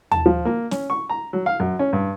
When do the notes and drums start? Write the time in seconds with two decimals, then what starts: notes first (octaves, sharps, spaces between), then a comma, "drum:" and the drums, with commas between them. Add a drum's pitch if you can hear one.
0.11 A5, drum: tom D#2
0.26 F3
0.45 A#3
0.71 C#4, drum: snare
0.90 C#6
1.09 A#5
1.33 F#3
1.46 F5
1.60 F#2
1.79 C#4
1.93 G2